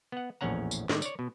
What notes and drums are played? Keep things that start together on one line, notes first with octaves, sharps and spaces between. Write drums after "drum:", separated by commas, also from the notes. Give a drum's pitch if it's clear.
B3 F#5
A#1 E2 A2 C#4 F#5 A#5
drum: tambourine
A2 D#3 G#3 D5, drum: snare
C#5 D5, drum: tambourine
B2